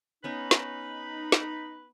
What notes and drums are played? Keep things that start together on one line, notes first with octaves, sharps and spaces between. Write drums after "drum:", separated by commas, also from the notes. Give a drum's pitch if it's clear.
B3 C#4 D#4 B4 B5
drum: snare
drum: snare